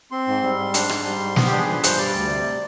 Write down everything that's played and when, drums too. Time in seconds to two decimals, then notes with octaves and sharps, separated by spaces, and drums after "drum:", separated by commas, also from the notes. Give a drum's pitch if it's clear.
0.11 C4 C6
0.27 G#2
0.43 G3
0.58 G#2
0.74 D4, drum: hi-hat
0.89 G#2, drum: rim click
1.05 G3
1.20 G#2
1.36 B3, drum: snare
1.46 G4
1.52 D4
1.58 G#4
1.67 F3 B4
1.84 G2 C5, drum: hi-hat
1.98 G3 D5
2.14 D2
2.30 C3